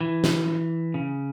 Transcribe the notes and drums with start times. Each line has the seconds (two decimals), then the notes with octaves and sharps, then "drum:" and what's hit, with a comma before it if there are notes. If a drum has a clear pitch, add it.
0.01 E3
0.24 drum: snare
0.94 C#3